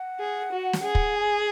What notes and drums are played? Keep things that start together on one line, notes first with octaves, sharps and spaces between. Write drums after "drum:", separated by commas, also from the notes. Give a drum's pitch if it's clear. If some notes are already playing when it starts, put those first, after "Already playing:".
Already playing: F#5
G#4
F#4
drum: snare
G#4
drum: kick
G#5